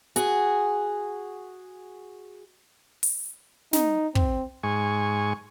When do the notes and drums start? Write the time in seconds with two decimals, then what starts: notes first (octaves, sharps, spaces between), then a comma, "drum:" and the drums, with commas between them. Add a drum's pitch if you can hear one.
0.16 F#4 G#4, drum: hi-hat
3.03 drum: open hi-hat
3.73 D#4, drum: snare
4.15 C4, drum: kick
4.63 G#2 G#5 C#6